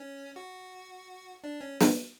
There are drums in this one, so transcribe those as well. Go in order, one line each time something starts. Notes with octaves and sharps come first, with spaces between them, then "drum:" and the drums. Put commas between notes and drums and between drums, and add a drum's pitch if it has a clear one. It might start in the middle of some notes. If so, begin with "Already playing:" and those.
Already playing: C#4
F#4
D4
C#4
drum: snare